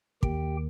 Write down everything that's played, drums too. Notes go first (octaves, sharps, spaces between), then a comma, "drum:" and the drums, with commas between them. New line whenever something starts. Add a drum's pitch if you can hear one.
D#2 D#3 G4 G5, drum: kick